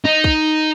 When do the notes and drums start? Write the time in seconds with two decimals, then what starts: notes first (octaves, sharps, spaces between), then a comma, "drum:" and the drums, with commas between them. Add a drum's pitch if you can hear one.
0.04 D#4
0.24 drum: kick